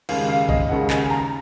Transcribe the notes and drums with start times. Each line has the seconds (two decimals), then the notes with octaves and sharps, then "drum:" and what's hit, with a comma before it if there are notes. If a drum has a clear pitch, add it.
0.09 D#2 C#3 G#3 F5, drum: cymbal
0.29 F5
0.49 D#5, drum: kick
0.69 D#2 C#3 G#3 F#5
0.90 G#5, drum: clap
1.10 A#5